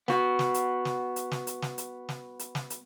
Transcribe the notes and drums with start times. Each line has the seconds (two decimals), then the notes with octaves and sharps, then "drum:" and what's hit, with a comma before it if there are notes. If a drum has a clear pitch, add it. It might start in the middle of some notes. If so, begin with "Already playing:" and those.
0.08 B3 F#4, drum: snare
0.39 drum: snare
0.54 drum: hi-hat
0.85 drum: snare
1.16 drum: hi-hat
1.31 drum: snare
1.47 drum: hi-hat
1.62 drum: snare
1.78 drum: hi-hat
2.09 drum: snare
2.39 drum: hi-hat
2.55 drum: snare
2.70 drum: hi-hat